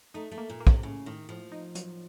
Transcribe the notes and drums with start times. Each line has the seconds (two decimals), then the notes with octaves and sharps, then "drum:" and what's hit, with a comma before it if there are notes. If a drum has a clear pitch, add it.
0.14 A3 D#4
0.32 A3
0.38 A#3
0.50 A#2
0.60 A#3
0.67 C3, drum: kick
0.83 A2 C#3
1.06 A2 D#3
1.29 A2 F3
1.52 D#4
1.75 F#3, drum: hi-hat